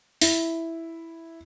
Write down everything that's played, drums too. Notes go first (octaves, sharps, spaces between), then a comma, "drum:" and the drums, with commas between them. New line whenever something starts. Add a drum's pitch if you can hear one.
E4, drum: open hi-hat